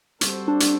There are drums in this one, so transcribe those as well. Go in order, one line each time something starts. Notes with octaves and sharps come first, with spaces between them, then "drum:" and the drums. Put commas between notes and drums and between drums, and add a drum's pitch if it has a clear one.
G3 C4 F#4 A4 C5, drum: hi-hat
D4
drum: hi-hat